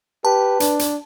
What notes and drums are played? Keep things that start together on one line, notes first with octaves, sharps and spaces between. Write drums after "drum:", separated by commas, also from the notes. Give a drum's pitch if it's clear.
G4 B4 A5
D4, drum: hi-hat
drum: hi-hat